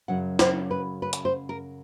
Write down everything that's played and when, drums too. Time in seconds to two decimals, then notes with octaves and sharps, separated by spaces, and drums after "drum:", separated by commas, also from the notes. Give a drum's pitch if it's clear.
0.08 F#2 C#3 F#3 F#5
0.39 C5, drum: snare
0.71 B4
1.02 B4
1.13 drum: hi-hat
1.25 C5
1.49 A#4